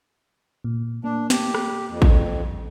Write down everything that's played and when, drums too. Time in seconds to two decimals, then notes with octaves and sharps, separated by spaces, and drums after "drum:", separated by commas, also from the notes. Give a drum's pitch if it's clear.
0.64 A#2
1.04 A#3 D4
1.30 G4, drum: snare
1.54 drum: rim click
1.89 F2
2.02 drum: kick A1